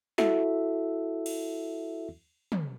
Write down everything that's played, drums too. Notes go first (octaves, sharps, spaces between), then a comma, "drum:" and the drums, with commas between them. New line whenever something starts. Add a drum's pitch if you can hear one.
E4 F#4 A4 E5, drum: snare
drum: cymbal
drum: tom